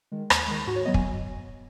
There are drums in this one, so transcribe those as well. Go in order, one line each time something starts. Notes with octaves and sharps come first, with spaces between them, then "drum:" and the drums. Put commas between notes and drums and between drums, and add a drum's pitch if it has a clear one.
D#3 G#3
D#2, drum: rim click
D#3 G#3
G#2 F#4
C#5
F#3 B3 D#5
G#5, drum: kick